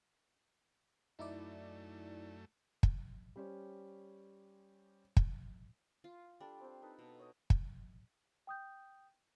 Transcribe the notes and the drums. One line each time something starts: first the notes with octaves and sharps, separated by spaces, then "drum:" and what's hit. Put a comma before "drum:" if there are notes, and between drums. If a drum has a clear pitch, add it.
F#2 A3 D#4 E4 D5
drum: kick
G3 C#4 G4 C5 C#5
drum: kick
F4
G3 D4 A4 A5
C4 C5
D#4 A4 B4
B2
C#5 D#5
drum: kick
G5 D#6 G6